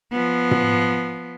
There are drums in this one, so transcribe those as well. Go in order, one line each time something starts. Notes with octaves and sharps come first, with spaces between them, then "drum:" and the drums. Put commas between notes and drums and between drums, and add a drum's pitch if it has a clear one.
F3 B3
drum: tom